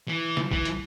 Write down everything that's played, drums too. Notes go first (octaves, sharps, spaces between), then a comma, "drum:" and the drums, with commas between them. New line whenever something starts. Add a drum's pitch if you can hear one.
E3
drum: snare
E3, drum: kick A#1
drum: hi-hat